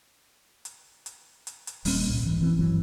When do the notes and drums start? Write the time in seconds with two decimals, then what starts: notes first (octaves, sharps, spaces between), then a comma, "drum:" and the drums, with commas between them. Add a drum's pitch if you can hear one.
0.65 drum: hi-hat
1.06 drum: hi-hat
1.47 drum: hi-hat
1.67 drum: hi-hat
1.85 D#1 G3 A#3 C#4, drum: open hi-hat
2.08 C2 A#2
2.23 G#2 E3
2.41 E1 E3 C4
2.59 G1 G2 E3 F#3